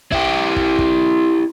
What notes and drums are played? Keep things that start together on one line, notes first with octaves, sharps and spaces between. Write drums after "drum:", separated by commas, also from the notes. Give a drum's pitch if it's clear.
E4 G4, drum: kick
drum: kick
drum: kick